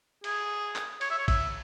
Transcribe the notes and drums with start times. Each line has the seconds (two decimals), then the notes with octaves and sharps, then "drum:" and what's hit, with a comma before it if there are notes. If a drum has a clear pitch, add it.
0.24 G#4, drum: cymbal
0.76 drum: clap
1.01 C#5, drum: cymbal
1.10 E5
1.18 C#5
1.28 E5, drum: kick G1, cymbal